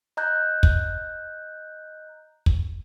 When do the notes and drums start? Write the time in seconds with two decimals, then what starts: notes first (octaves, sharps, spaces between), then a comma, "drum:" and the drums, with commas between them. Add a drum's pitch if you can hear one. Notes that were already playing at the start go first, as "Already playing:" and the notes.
0.17 D#5 A#5 F#6 G6
0.63 drum: kick
2.46 drum: kick